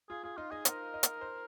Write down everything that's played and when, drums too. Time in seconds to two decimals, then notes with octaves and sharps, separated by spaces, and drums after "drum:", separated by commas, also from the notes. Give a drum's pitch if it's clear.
0.09 F4 G#4
0.24 F4 G#4
0.37 D#4 F4
0.51 G#4 D#5
0.65 A#4 C5, drum: hi-hat
0.94 D#5
1.03 drum: hi-hat
1.21 C5